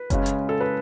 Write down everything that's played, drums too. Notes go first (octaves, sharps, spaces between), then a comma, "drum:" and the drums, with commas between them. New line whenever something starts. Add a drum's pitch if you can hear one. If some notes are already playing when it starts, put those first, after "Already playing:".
Already playing: B4
C#3 G#3 C#4, drum: kick F#1, hi-hat
drum: hi-hat
A4
B4